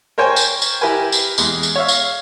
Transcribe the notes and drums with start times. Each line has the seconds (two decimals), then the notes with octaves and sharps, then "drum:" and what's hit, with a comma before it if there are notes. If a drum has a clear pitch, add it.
0.18 A#4 C5 C#5 G5 G#5
0.36 drum: tambourine
0.62 drum: tambourine
0.81 E4 G4 A#4 B4 G#5
1.12 drum: tambourine
1.38 E2 G#3, drum: tambourine
1.63 drum: tambourine
1.76 C#5 E5 F5
1.88 drum: tambourine